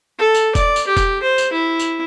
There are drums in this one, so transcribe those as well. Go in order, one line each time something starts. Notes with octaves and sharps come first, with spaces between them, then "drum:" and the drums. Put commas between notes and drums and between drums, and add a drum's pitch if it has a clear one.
A4
drum: tambourine
D5, drum: kick E1, tambourine
drum: tambourine
G4
drum: kick E1, tambourine
C5
drum: tambourine
E4
drum: tambourine